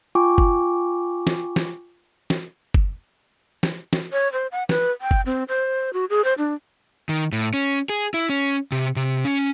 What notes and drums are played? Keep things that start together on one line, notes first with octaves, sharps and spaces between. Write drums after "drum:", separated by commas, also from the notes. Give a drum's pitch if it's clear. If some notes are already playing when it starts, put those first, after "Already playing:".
F4 G5 G#5 C#6 D6
drum: kick F#1
drum: snare
drum: snare
drum: snare
drum: kick F#1
drum: snare
drum: snare
C#5
C5
F#5
B4, drum: snare
G5
drum: kick F#1
C4
C5
F#4
G#4
C5
D4
D#3
A2
C#4
G#4
E4
C#4
C3
C3
C#4